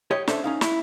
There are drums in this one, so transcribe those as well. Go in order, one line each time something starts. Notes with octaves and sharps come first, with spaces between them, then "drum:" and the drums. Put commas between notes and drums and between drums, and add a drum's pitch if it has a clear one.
G4 C#5 D#5
C#4 D4 A4 C5 E5, drum: snare
C#4 D#4 F5
E4, drum: snare